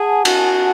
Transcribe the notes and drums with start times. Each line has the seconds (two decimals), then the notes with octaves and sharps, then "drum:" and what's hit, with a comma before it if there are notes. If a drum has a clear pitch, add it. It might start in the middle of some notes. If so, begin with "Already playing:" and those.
Already playing: G#4 F#5 G#5 A5
0.25 F#4, drum: cymbal